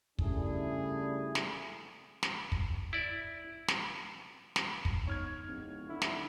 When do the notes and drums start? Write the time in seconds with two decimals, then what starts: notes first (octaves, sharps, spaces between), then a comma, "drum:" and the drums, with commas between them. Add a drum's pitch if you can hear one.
0.19 C#3 G3 A3 D4 E4 G#4, drum: kick
1.35 drum: snare
2.23 drum: snare
2.52 drum: kick
2.93 E4 D5
3.68 drum: snare
4.56 drum: snare
4.85 drum: kick
5.07 B3 D#4 C#5 F6 G#6
5.47 D1
5.89 D3 E4
6.02 drum: snare